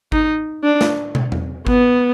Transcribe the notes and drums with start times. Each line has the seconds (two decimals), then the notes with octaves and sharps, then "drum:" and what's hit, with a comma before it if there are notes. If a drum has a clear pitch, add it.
0.12 D#4, drum: kick G#1
0.63 D4
0.81 drum: snare
1.15 drum: tom
1.32 drum: tom
1.67 B3, drum: kick G#1